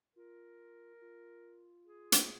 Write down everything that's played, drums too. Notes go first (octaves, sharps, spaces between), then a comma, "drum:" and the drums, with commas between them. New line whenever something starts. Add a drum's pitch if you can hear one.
F4 A#4
F4
G#4
drum: hi-hat